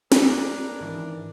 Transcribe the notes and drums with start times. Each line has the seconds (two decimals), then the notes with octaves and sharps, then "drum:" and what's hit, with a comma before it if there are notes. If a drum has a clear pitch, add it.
0.12 D4 A#4, drum: snare
0.81 G#2 D#3 E3